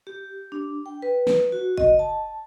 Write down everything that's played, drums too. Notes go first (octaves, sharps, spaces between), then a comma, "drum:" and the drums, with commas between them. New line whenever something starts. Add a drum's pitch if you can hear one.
G4
D4
G5
B4
drum: snare
F#4
D#5, drum: kick F#1
A5